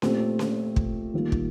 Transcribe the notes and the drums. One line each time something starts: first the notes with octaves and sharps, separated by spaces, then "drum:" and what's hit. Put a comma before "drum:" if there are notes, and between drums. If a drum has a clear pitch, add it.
A#2 A3 C4 G4, drum: snare C#4
drum: snare C#4
drum: kick
D#3 G3 A#3 F4
drum: kick